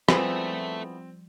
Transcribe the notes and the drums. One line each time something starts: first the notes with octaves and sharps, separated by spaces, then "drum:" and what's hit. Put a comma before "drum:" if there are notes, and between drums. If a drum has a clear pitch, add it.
E3 F3 G3 G#3 B3 C4 A4 E5, drum: rim click